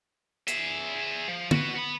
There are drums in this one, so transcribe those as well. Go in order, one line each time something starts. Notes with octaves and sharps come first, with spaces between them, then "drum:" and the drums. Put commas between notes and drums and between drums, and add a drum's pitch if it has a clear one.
G#4 E5, drum: hi-hat
F3
F#4 B4, drum: tom
B3 B5